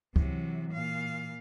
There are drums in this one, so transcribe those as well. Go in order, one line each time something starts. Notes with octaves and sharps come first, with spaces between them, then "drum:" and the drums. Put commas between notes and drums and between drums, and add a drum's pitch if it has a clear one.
C3 E3 F#3, drum: kick C#2
A#2 F5